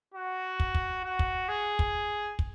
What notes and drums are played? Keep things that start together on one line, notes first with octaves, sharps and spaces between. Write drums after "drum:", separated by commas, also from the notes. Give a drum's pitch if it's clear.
F#4
drum: kick
drum: kick
F#4
drum: kick
G#4
drum: kick
drum: kick